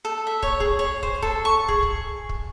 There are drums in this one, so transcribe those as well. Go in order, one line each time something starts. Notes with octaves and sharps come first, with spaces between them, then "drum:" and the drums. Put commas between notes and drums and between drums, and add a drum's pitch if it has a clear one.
A4
E5
C#5, drum: kick
G#4, drum: kick
C#5
C5, drum: kick
A4, drum: kick
C#6
G#4, drum: kick
drum: kick
drum: kick